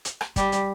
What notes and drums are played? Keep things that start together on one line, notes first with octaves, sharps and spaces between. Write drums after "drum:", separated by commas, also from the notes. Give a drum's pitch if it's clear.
drum: hi-hat
drum: rim click
G3, drum: kick, hi-hat
drum: hi-hat